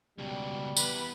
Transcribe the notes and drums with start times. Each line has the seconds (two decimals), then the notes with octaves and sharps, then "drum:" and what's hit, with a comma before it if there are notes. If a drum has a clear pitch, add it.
0.18 C#2 B2 G3
0.77 E2 B4, drum: tambourine